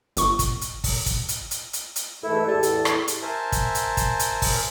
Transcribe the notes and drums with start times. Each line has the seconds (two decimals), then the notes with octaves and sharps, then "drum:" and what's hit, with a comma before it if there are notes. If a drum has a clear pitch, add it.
0.17 G1 C#6, drum: hi-hat
0.39 drum: kick, hi-hat
0.61 drum: hi-hat
0.84 drum: kick, open hi-hat
1.06 drum: kick, hi-hat
1.29 drum: hi-hat
1.51 drum: hi-hat
1.73 drum: hi-hat
1.96 drum: hi-hat
2.23 G#2 E3 A3 E4 A4
2.48 E2 A2 G4 D5 A5
2.63 drum: hi-hat
2.85 drum: rim click
3.08 drum: hi-hat
3.22 A#4 C5 E5 G#5 A5
3.52 drum: kick, hi-hat
3.75 drum: hi-hat
3.97 drum: kick, hi-hat
4.19 drum: hi-hat
4.42 drum: kick, open hi-hat